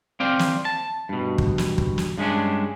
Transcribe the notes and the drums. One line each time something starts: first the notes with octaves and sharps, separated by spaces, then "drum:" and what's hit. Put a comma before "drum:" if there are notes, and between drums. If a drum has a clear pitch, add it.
C4 D5 F5 G5
drum: snare
A5
G2 B2
drum: kick
drum: snare
drum: kick
drum: snare
G2 G#3 C#4 D4